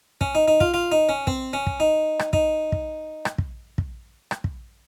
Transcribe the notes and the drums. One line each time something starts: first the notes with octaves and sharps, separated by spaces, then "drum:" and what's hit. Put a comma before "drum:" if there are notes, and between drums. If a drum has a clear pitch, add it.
C#4, drum: kick
D#4
D#4
F4, drum: kick
F4
D#4
C#4
C4, drum: kick
C#4
drum: kick
D#4
drum: rim click
D#4, drum: kick
drum: kick
drum: rim click
drum: kick
drum: kick
drum: rim click
drum: kick